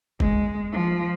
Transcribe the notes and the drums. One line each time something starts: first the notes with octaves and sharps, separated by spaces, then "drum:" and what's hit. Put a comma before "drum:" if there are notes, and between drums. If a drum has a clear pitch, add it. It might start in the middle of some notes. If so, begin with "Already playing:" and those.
G#3, drum: kick F1
F3